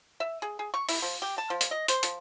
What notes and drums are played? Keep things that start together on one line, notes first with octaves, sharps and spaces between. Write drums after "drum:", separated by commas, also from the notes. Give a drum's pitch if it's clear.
E5
G#4
G#4
C#6
E4, drum: open hi-hat
F3
G4
A5
F3
drum: hi-hat
D#5
C5, drum: hi-hat
F3, drum: hi-hat